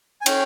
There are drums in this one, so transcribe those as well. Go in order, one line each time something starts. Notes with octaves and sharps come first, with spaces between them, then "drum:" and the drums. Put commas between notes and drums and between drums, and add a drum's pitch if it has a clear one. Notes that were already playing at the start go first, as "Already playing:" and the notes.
G#5
C#4 G5, drum: cymbal